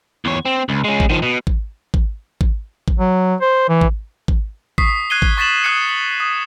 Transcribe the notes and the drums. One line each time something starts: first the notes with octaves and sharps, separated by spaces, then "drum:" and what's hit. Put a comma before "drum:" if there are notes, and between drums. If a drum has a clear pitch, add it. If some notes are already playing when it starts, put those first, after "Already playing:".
E2 C#5
C4
C#2
G#3 C#4
drum: kick G#1
D#3 F3
B2
drum: kick G#1
drum: kick G#1
drum: kick G#1
drum: kick G#1
F#3
C5
E3
drum: kick G#1
drum: kick G#1
C#6 D#6 B6 C7, drum: kick G#1
F#6 G#6 C7 D#7 G7
drum: kick G#1
C#6 A6 B6 E7 F#7
D#6 F#6 G#6 C7 C#7
F#7
D#6